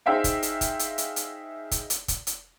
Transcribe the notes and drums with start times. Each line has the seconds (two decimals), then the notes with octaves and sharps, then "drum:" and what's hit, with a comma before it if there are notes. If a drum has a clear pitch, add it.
0.06 D#4 G#4 C5 E5 F5 G5
0.24 drum: kick F#1, hi-hat
0.43 drum: hi-hat
0.61 drum: kick F#1, hi-hat
0.79 drum: hi-hat
0.98 drum: hi-hat
1.16 drum: hi-hat
1.71 drum: kick F#1, hi-hat
1.90 drum: hi-hat
2.08 drum: kick F#1, hi-hat
2.27 drum: hi-hat